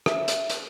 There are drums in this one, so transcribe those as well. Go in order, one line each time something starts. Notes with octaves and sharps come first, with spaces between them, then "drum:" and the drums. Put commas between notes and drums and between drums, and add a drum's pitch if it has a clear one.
E5, drum: rim click
drum: hi-hat
drum: hi-hat